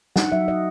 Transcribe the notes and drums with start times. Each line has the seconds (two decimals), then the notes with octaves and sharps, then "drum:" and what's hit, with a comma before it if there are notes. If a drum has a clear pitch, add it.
0.16 D#4 F#5, drum: snare
0.32 F#3 E5
0.48 D#4 D#5